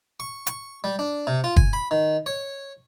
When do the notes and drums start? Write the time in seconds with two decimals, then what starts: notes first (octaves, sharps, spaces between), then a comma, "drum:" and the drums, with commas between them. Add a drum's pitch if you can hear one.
0.20 C#6
0.47 C#6, drum: hi-hat
0.84 G3
0.99 D4
1.27 C3
1.44 F4
1.57 G#5, drum: kick
1.73 B5
1.91 D#3
2.26 C#5